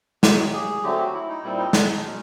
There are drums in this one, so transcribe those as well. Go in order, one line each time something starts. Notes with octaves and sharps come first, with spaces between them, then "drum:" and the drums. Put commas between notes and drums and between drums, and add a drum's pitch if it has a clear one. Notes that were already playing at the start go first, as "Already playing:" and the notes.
D#3 F#3 A#3 G4, drum: snare
G#4
D3 F#3 A3 C4 G4
F#4
E4
D#4
A#2 G3 C4 E4
D#4
D4, drum: snare
D#4
B2 G#3 C#4